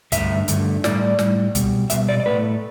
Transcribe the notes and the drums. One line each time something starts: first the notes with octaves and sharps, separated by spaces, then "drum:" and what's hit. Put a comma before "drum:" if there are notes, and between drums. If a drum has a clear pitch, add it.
G2 D3 A3 E5, drum: kick, hi-hat
G2 D3 A3, drum: hi-hat
A2 G3 D5, drum: snare
A2 G3, drum: snare
B2 G3, drum: kick, hi-hat
B2 G3 E5, drum: hi-hat
D5
D5
A2 A3 B4